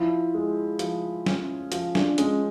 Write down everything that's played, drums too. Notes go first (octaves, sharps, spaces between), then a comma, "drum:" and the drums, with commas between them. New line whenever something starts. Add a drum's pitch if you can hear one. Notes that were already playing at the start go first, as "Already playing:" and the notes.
Already playing: F3 E4
G#3
F3, drum: hi-hat
C#4, drum: snare
F3, drum: hi-hat
D4, drum: snare
G#3 C#4, drum: hi-hat